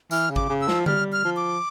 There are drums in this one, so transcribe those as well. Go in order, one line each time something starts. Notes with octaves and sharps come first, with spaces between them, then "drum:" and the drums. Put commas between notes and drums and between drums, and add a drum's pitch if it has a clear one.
E3 F6, drum: tambourine
C#3
D6, drum: kick G#1
C#3
E6
F3, drum: snare
G3 F6, drum: tom D3
F6
F3
D6